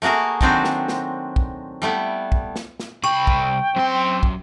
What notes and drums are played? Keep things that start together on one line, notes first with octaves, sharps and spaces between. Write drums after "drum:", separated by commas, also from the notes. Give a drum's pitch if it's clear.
A3 A#3 F#4 G#4 A#4
D#3 F#3 C4 D4 F#4 C5, drum: kick
drum: snare
drum: snare
drum: kick
G3 A3 B3 E4
drum: kick
drum: snare
drum: snare
C2 G5 B5 C#6
drum: kick
F#2 C4 C6
drum: kick